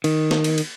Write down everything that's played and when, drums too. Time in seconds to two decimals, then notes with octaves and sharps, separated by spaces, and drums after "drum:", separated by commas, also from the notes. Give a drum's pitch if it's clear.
0.04 D#3, drum: cymbal
0.31 drum: snare
0.44 drum: cymbal
0.58 drum: cymbal